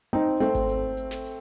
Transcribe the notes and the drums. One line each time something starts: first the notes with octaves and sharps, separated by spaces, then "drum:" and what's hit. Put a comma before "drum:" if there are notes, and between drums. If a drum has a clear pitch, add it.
C4 D#4
A3 C4, drum: hi-hat
drum: kick G#1, hi-hat
drum: hi-hat
drum: hi-hat
drum: snare
drum: hi-hat